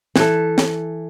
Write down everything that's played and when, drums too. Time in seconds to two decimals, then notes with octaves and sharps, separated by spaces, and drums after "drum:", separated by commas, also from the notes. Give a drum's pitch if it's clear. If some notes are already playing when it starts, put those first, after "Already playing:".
0.16 E3 A4, drum: snare
0.58 drum: snare